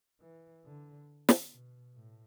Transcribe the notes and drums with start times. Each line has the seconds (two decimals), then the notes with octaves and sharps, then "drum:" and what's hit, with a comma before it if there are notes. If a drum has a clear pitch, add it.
0.21 E3
0.65 D3
1.29 drum: snare
1.52 B2
1.95 A2